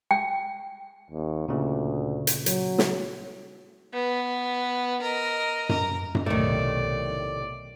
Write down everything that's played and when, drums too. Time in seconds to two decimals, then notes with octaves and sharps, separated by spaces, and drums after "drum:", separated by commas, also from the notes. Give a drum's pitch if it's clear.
0.11 G5
1.11 D#2
1.48 D2 A#2 C#3
2.27 drum: hi-hat
2.46 F#3, drum: hi-hat
2.78 drum: snare
3.94 B3
5.02 A#4 D#5
5.69 A#4, drum: tom F#2
6.15 drum: tom F#2
6.26 B1 A2 C3 D#3 A3 D5